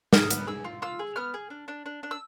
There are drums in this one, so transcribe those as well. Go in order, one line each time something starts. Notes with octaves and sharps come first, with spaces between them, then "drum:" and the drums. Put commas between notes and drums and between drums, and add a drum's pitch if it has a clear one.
G#4 F6, drum: snare
B3, drum: hi-hat
G#4 E6
F4
F4 E6
G#4
B3 F6
G#4
D4
D4
D4
D4
E6